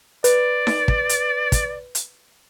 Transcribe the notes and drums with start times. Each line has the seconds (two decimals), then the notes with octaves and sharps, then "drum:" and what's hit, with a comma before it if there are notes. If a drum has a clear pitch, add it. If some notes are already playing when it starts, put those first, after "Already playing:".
0.24 B4 D5, drum: hi-hat
0.67 drum: snare D#4
0.88 drum: kick
1.09 drum: hi-hat
1.52 drum: kick, hi-hat
1.95 drum: hi-hat